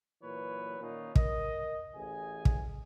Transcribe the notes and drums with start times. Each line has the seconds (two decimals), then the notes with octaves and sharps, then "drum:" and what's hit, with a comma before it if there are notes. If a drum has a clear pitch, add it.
0.23 A#2 E3 F#3 B4 C#5
0.81 A#2 D#3 C#4 D#4 F4
1.15 A#4 D#5, drum: kick
1.96 A1 E3 G#4 G#5
2.45 drum: kick